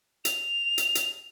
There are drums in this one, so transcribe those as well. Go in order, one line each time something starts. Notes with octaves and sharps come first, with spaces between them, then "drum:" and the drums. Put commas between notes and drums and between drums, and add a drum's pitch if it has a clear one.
F7, drum: hi-hat
drum: hi-hat
drum: hi-hat